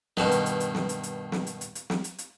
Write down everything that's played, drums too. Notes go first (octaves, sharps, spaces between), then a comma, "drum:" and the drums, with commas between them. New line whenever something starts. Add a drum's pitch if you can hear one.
G2 B2 D#3, drum: snare
drum: hi-hat
drum: hi-hat
drum: hi-hat
drum: snare
drum: hi-hat
drum: hi-hat
drum: snare
drum: hi-hat
drum: hi-hat
drum: hi-hat
drum: snare
drum: hi-hat
drum: hi-hat